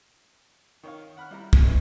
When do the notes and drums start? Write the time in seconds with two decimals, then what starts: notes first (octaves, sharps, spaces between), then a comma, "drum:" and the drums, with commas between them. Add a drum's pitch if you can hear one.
0.83 D#3 C#5 F5
1.17 F#5 B5 F6
1.31 G3 E4 A#5
1.53 drum: kick
1.62 D3 E3 G#3 A3 C#4